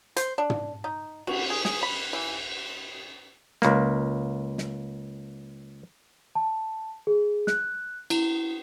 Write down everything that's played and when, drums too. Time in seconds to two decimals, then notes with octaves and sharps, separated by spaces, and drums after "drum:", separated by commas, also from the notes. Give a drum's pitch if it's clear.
0.16 C5, drum: hi-hat
0.38 D4
0.50 drum: tom
0.84 D#4
1.27 F#4, drum: cymbal
1.50 G#4
1.65 G#4, drum: snare
1.83 B5
2.13 E3
3.62 C#2 A#3, drum: snare
4.58 drum: snare
6.35 A5
7.07 G#4
7.47 F#6, drum: snare
8.10 E4, drum: cymbal